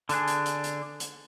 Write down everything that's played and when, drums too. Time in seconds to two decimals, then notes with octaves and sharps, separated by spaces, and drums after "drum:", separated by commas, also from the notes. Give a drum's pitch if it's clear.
0.09 D3 D4 G#4, drum: hi-hat
0.27 drum: hi-hat
0.46 drum: hi-hat
0.64 drum: hi-hat
1.00 drum: hi-hat